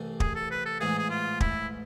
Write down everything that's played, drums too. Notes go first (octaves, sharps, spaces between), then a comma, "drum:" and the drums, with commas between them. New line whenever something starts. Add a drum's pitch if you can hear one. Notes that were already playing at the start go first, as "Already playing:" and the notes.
Already playing: C2 C3 E3 A3
G#4, drum: kick
A4
B4
A4
A1 G#2 E3 G#4
G#4
F4
E4, drum: kick